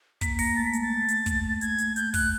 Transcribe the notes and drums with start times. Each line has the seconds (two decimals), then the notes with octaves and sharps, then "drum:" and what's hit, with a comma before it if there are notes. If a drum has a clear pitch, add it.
0.21 A#3 B6, drum: kick, hi-hat
0.39 A#3 A#6, drum: open hi-hat
0.56 A3 A6
0.65 B6
0.73 G#3, drum: hi-hat
0.82 A6
0.91 A3
1.09 drum: hi-hat
1.26 drum: kick, hi-hat
1.61 G#6, drum: hi-hat
1.79 drum: hi-hat
1.96 G6, drum: hi-hat
2.14 F#6, drum: kick, open hi-hat